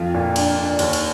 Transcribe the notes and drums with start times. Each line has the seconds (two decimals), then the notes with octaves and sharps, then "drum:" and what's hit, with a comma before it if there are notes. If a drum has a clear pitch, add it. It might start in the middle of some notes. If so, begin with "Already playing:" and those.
Already playing: F2 F4
0.14 A#2
0.36 D4, drum: cymbal
0.57 D4
0.79 D#2, drum: cymbal
0.93 drum: cymbal